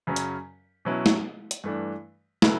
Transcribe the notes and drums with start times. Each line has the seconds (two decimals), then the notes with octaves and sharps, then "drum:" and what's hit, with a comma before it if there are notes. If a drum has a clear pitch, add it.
0.07 F#2 C#3 F#3 C#4
0.16 drum: hi-hat
0.85 B2 F#3 C#4 E4 B4
1.06 drum: snare
1.51 drum: hi-hat
1.64 G2 E3 A3 D4
2.42 C#3 F#3 A3 E4 B4, drum: snare